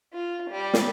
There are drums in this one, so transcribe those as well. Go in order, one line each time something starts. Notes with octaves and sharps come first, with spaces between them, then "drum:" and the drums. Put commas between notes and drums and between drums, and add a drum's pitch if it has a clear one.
F4
G3
drum: snare